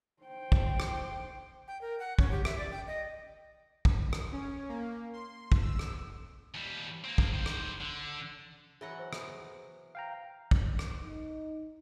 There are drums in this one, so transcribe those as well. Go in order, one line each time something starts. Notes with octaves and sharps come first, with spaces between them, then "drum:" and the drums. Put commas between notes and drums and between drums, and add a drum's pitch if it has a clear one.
C5 G5
drum: kick
drum: rim click
G5
A#4
F#5
C#4, drum: kick
G4
E5, drum: rim click
D5
G5
D#5
drum: kick
drum: rim click
C#4
A#3
C6
drum: kick
E6
drum: rim click
D#2 G3
A#3 C4
drum: kick
D#3 C5
drum: rim click
D3
E3 F#3 G#4 F#5 A#6
C5
drum: rim click
F5 G5 A#5
drum: kick
drum: rim click
D#4